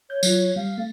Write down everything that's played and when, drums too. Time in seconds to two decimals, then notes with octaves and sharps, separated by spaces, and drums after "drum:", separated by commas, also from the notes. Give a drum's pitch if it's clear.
0.10 C#5 G6
0.23 F#3 F4, drum: tambourine
0.56 G3 F5
0.78 A3